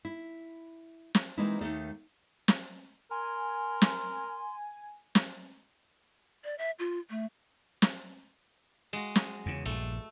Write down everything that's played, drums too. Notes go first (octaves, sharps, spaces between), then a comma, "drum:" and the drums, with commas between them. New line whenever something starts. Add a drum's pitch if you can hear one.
E4
drum: snare
E3 G#3 A#3 C4 D#4 E4
D#2 A3 D#4 A#4 F#5
drum: snare
A#4 G#5 C6
drum: snare
drum: snare
D5
E5
F4
A3
drum: snare
G#3 F#4
drum: snare
E2 C#3
A#1 G2 A3